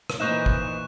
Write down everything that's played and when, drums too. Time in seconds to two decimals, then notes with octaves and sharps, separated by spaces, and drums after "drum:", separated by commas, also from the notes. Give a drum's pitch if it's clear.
0.10 drum: rim click
0.20 A#2 E3 D#4 C5 D#5 C#6 F#6 E7
0.46 drum: kick